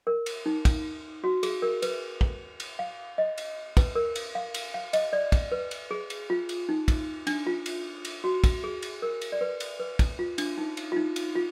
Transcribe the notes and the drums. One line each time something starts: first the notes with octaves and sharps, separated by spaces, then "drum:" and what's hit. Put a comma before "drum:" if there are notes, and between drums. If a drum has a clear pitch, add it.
A#4
drum: cymbal
D#4
drum: kick, cymbal
F#4
G#4, drum: cymbal
A#4
B4, drum: cymbal
drum: kick
drum: cymbal
F5
D#5
drum: cymbal
B4, drum: kick, cymbal
A#4
drum: cymbal
F5
drum: cymbal
F5
D#5, drum: cymbal
D5
drum: kick, cymbal
B4
drum: cymbal
G#4
drum: cymbal
F4
drum: cymbal
D#4
drum: kick, cymbal
D4, drum: cymbal
F4
drum: cymbal
drum: cymbal
F#4
drum: kick, cymbal
G#4
drum: cymbal
A#4
drum: cymbal
D5
B4
drum: cymbal
B4
drum: kick, cymbal
F4
D4, drum: cymbal
D#4
drum: cymbal
F4
D#4
drum: cymbal
F4